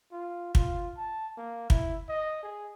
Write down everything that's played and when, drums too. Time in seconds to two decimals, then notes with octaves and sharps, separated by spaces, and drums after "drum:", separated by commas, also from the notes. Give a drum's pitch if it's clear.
0.12 F4
0.55 F4, drum: kick
0.97 A5
1.37 A#3
1.70 E4, drum: kick
2.09 D#5
2.43 G#4